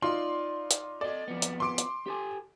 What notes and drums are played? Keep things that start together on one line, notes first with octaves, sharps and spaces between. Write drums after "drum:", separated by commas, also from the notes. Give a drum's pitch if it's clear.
D#4 F4 D5 C6
drum: hi-hat
A4 D5 D#5
F2 F3 B3
drum: hi-hat
C6 D6 D7
drum: hi-hat
G4 A4 G#5